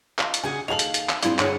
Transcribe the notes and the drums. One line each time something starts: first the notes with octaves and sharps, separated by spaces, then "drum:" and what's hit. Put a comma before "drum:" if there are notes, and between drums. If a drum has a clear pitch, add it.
F3 D4 D#4, drum: clap
drum: hi-hat
C#3 G#4 F#5 G#5
D#2 D#4 G#4 A4 F5 F7 F#7
drum: hi-hat
drum: hi-hat
drum: clap
G2 G#3 C4 D4 E4 F4, drum: hi-hat
G2 D3 G#4 C#5 F#5, drum: clap